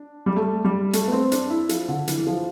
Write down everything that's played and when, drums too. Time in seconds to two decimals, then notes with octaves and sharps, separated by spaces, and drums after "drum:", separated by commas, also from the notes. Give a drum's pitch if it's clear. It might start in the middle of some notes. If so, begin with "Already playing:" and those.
Already playing: D4
0.26 G3
0.36 A3
0.65 G3
0.93 A3, drum: hi-hat
1.08 B3
1.12 C4
1.32 D4, drum: hi-hat
1.50 E4
1.69 F3, drum: hi-hat
1.88 D3
2.08 E3, drum: hi-hat
2.18 E3
2.27 F3